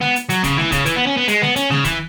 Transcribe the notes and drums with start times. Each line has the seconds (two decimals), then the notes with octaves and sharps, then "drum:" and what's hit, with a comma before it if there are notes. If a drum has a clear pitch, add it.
0.01 B3, drum: snare G#3
0.16 drum: hi-hat
0.30 F#3, drum: hi-hat
0.44 C#3, drum: kick, hi-hat
0.58 E3, drum: snare G#3
0.72 C#3, drum: kick, hi-hat
0.86 E3, drum: hi-hat
0.97 B3
1.07 C#4
1.17 B3
1.28 G#3, drum: hi-hat
1.42 B3, drum: snare G#3
1.56 C#4, drum: hi-hat
1.70 C#3, drum: snare G#3
1.84 E3, drum: kick, hi-hat